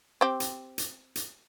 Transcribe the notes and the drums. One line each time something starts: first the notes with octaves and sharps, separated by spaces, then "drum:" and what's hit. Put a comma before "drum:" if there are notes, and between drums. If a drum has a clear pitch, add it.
C4 G4
drum: hi-hat
drum: hi-hat
drum: hi-hat